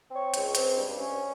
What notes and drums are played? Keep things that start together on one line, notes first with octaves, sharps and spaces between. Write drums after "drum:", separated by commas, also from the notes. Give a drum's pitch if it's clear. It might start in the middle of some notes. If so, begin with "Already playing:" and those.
C4 C#5
C#2, drum: hi-hat
C4, drum: hi-hat
G2
C#4